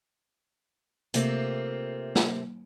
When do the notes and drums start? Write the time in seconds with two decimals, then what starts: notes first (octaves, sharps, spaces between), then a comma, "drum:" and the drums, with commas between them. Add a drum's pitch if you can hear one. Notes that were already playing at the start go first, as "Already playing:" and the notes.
1.14 C3 A3 A#3 C4 F4, drum: hi-hat
2.15 drum: snare